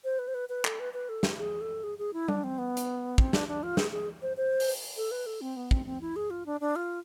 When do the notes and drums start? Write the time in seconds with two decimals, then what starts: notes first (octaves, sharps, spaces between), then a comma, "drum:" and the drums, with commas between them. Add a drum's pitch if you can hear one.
0.04 C5
0.19 B4
0.28 C5
0.34 B4
0.49 B4
0.65 A4, drum: clap
0.80 B4
0.94 B4
1.09 A4
1.23 drum: snare
1.38 G#4
1.61 A4
1.83 G#4
1.98 G#4
2.13 E4
2.28 D4, drum: tom G3
2.44 C4
2.58 B3
2.77 drum: hi-hat
3.18 C4, drum: kick
3.33 D4, drum: snare
3.48 D4
3.63 F4
3.77 G#4, drum: snare
3.92 G#4
4.22 C5
4.37 C5
4.60 drum: open hi-hat
4.97 A4
5.11 B4
5.26 A4
5.41 C4
5.56 B3
5.71 C4, drum: kick
5.86 C4
6.01 E4
6.16 G#4
6.30 F4
6.46 D4
6.61 D4
6.76 F4